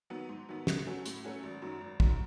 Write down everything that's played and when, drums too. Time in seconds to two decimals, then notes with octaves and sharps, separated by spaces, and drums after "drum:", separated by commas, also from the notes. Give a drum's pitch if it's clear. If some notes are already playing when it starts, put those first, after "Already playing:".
0.10 D#3 F#3 B3
0.29 G#2
0.49 D#3 F#3 B3
0.67 A2, drum: snare
0.87 F#3 A3 C#4 F#4
1.06 A2, drum: hi-hat
1.24 F#3 A3 C#4 F#4
1.43 G#1
1.62 F#2 D#3 F#3
1.81 G#1
2.00 F#2 D#3 F#3, drum: kick